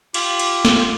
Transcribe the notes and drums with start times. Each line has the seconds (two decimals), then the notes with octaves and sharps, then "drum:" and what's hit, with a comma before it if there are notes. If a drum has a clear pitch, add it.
0.14 F4 G4, drum: cymbal
0.39 drum: cymbal
0.65 drum: snare